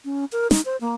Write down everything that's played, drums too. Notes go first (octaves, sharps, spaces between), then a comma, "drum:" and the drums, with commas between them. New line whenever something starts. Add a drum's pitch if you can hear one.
C#4
A#4
D#4, drum: snare
C5
A#3